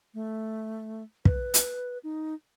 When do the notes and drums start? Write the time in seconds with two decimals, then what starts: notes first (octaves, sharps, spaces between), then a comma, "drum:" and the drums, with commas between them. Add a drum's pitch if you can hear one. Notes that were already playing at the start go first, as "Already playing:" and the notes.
0.14 A3
1.25 B4, drum: kick
1.54 drum: hi-hat
2.04 D#4